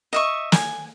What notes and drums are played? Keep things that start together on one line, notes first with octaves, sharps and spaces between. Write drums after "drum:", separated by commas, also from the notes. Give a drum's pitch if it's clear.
D#5 E5 C#6
G#5, drum: snare